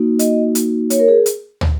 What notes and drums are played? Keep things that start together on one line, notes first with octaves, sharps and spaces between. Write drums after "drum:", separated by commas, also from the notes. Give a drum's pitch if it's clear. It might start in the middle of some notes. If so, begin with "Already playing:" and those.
Already playing: A#3 D#4 F#4
D#5, drum: hi-hat
drum: hi-hat
C#5, drum: hi-hat
A#4
G#4
drum: hi-hat
drum: tom